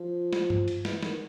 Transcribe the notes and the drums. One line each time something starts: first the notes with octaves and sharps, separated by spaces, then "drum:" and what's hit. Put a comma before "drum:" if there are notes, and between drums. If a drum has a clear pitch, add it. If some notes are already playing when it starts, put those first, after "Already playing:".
Already playing: F3
drum: snare
drum: tom G2
drum: cymbal
E3, drum: snare
D#3, drum: snare